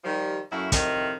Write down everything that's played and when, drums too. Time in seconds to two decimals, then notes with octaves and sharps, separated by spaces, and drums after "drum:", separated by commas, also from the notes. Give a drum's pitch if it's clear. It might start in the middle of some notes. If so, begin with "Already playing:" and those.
0.04 D#3 F3 G3
0.52 F#2 F#3 A3 A#3 E4
0.72 F2 A2 C3 D#3, drum: kick, hi-hat